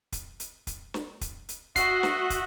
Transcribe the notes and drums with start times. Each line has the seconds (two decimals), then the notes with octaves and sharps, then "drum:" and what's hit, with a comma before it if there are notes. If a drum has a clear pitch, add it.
0.12 drum: kick, hi-hat
0.40 drum: hi-hat
0.67 drum: kick, hi-hat
0.94 drum: snare
1.21 drum: kick, hi-hat
1.49 drum: hi-hat
1.76 F#4 D#5 E5 F#5 C7, drum: kick, hi-hat
2.03 drum: snare
2.30 drum: kick, hi-hat